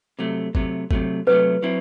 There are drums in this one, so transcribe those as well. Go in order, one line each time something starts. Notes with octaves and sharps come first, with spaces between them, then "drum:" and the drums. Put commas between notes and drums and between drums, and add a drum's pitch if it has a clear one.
C3 F#3 A3
C3 F#3 A3, drum: kick G#1
C3 F#3 A3, drum: kick G#1
C3 F#3 A3 B4
F#3 C4 E4